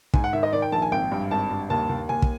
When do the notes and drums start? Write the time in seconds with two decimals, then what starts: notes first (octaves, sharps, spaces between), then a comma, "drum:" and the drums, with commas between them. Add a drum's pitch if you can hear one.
0.14 G#2 G#5, drum: kick
0.24 F#5
0.33 D#3 E5
0.43 D#5
0.53 D#3 D5
0.62 G5
0.72 A#1 A5
0.82 G#5
0.92 G#1 G5
1.12 G2
1.31 G#1 A5
1.51 G2
1.70 D#2 A5
1.89 D#2
2.09 D#2 G#5
2.22 drum: kick